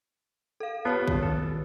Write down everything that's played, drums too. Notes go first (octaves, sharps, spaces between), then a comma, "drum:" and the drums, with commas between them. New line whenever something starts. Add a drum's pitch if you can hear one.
A4 F5
B3 F4 G4 C#5 A5
D#3, drum: kick
A4